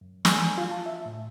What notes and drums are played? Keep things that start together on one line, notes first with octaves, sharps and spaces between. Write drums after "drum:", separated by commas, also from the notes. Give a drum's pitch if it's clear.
F#2
G#5, drum: snare
F4
A5
E5
A2